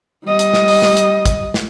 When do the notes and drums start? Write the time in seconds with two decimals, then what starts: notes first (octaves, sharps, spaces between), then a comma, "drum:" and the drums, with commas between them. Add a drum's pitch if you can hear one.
0.25 G3 D#5
0.39 drum: hi-hat
0.54 drum: snare
0.68 drum: open hi-hat
0.82 drum: snare
0.97 drum: hi-hat
1.26 drum: kick, hi-hat
1.54 drum: snare